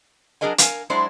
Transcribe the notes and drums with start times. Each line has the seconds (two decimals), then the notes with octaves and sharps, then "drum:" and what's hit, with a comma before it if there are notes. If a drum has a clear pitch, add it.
0.41 F#3 D4 G#4 A#4 D#5 G#5
0.58 A#4 F5 G#5, drum: hi-hat
0.90 F#3 G#3 D4 E4 G#4 C5